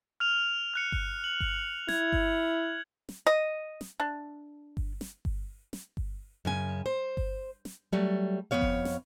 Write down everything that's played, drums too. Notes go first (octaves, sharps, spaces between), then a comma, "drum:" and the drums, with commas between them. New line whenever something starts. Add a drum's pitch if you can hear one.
F6 F7
F6 F#6 C#7
drum: kick G1
F#7
drum: kick G1
E4 G#6, drum: snare
drum: kick G1
drum: snare
D#5
drum: snare
D4
drum: kick G1
drum: snare
drum: kick G1
drum: snare
drum: kick G1
F#2 C#3 G#5
C5
drum: kick G1
drum: snare
F#3 G3 A3
F2 D#3 B3 C#5 F5
drum: kick G1
drum: snare